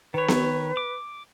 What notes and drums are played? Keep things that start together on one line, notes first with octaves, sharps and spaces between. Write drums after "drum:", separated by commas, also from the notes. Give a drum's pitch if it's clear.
D#3 B4 C#5
drum: snare B3
D6